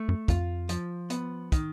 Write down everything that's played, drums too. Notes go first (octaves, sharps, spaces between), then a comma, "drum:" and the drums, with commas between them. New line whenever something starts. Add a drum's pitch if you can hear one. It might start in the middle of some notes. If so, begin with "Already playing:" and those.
Already playing: A3
F#2
F2 F4, drum: kick, hi-hat
F3, drum: hi-hat
B3, drum: hi-hat
D#3, drum: kick, hi-hat